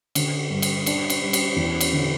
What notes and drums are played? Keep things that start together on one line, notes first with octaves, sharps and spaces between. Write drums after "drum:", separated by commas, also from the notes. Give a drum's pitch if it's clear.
D3, drum: cymbal
G2
drum: cymbal
D4, drum: cymbal
drum: cymbal
G3
drum: cymbal
E2
drum: cymbal
D3